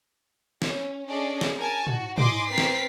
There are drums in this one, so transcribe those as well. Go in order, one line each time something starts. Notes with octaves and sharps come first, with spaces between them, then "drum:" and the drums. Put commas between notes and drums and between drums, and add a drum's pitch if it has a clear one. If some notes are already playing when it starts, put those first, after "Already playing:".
C#4, drum: snare
C#4 D4 G#4 A4 D5 D#5
drum: snare
A#4 G#5 A5
F#4, drum: tom
D#5 G#5 B5 C6 D6, drum: tom
C4 A#4 B4 A6 B6 C7
drum: snare